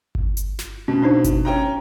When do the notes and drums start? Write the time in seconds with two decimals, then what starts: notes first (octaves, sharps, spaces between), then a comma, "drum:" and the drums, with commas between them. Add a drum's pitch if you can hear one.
0.15 drum: kick G1
0.37 drum: hi-hat
0.59 drum: snare
0.88 B2 C#4
1.02 D4 D#4 C5
1.24 drum: kick G1, hi-hat
1.45 C#4 G5 A#5